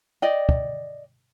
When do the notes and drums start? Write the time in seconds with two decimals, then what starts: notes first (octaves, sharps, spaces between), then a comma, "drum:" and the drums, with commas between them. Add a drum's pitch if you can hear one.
0.22 D5 D#5 G5
0.49 drum: kick